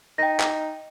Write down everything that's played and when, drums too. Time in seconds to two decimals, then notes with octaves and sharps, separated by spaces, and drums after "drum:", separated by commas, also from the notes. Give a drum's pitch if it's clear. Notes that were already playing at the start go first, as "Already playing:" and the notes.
0.18 D#4 G5 A#6
0.40 drum: clap